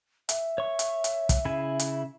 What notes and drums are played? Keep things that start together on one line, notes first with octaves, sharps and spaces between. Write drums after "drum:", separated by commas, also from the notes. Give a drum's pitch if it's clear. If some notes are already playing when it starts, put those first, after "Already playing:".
E5, drum: hi-hat
C#5 C#6
drum: hi-hat
drum: hi-hat
drum: kick, hi-hat
C#3 E4 G#5
drum: hi-hat